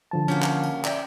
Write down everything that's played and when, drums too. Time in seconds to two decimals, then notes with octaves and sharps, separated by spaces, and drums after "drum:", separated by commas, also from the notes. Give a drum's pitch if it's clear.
0.11 D3 F3 A5
0.28 A#3 C#4 F#4 G4
0.43 drum: clap
0.64 drum: tambourine
0.85 D5 E5 G5, drum: clap